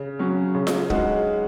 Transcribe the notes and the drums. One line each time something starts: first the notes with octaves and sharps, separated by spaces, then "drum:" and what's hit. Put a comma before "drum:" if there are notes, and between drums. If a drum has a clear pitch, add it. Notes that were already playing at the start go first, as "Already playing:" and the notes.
Already playing: C#3
F#3 C#4
C#3
drum: snare F4
G#3 D#4 F#4, drum: kick